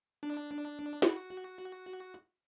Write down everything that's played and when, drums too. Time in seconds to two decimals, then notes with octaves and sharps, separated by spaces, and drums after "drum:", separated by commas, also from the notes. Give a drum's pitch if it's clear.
0.23 D4
0.34 drum: hi-hat
1.02 F#4, drum: snare